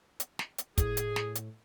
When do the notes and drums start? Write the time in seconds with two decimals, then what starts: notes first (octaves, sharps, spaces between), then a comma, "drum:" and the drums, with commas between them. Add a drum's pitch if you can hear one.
0.20 drum: hi-hat
0.39 drum: snare
0.58 drum: hi-hat
0.78 A2 G#4, drum: kick, hi-hat
0.97 drum: hi-hat
1.16 drum: snare
1.35 drum: hi-hat